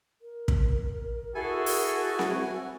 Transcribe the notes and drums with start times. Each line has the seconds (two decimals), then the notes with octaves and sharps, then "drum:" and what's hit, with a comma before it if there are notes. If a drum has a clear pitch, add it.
0.21 A#4
0.48 drum: kick
1.35 E4 F#4 G#4 A4 G#5
1.66 drum: open hi-hat
2.19 drum: snare C4